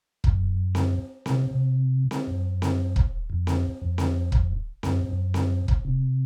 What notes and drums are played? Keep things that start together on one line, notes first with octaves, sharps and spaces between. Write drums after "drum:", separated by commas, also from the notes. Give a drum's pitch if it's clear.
F#2, drum: kick
drum: snare C4
C3, drum: snare C4
C3
drum: snare C4
F#2
drum: snare C4
drum: kick
F2
drum: snare C4
F2
drum: snare C4
drum: kick
F#2, drum: snare C4
F#2
drum: snare C4
drum: kick
C3